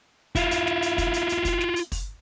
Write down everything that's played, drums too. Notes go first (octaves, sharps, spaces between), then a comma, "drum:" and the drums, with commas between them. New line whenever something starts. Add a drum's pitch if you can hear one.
E4 F4, drum: kick, hi-hat
drum: hi-hat
drum: snare
drum: hi-hat
drum: kick, hi-hat
drum: hi-hat
drum: hi-hat
drum: kick, hi-hat
drum: snare
drum: hi-hat
drum: kick, open hi-hat